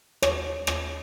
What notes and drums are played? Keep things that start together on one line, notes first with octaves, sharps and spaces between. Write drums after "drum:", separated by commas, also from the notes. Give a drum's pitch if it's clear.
C#5, drum: rim click
drum: rim click